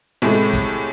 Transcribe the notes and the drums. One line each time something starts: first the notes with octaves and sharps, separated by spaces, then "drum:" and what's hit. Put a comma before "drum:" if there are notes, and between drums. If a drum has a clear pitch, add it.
A2 C3 G#3 A3, drum: snare
drum: kick, hi-hat